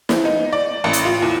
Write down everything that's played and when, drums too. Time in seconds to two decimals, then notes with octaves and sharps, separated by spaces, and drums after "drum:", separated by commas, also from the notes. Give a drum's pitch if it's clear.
0.09 E3, drum: snare
0.25 D#4
0.53 D5
0.84 A1
0.93 drum: hi-hat
1.05 F4
1.22 E2